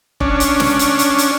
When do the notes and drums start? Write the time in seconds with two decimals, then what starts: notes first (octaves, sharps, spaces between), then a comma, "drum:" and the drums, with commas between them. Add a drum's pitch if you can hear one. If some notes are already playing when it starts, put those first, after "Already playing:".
0.20 C#4 D4, drum: kick
0.40 drum: hi-hat
0.60 drum: snare
0.79 drum: hi-hat
0.99 drum: hi-hat
1.18 drum: hi-hat